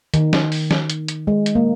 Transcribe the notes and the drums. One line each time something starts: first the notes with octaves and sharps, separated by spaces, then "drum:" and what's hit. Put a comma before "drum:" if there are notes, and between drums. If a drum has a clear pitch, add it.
D#3, drum: hi-hat
drum: snare
drum: open hi-hat
drum: snare
drum: hi-hat
drum: hi-hat
G#3
drum: hi-hat
A#3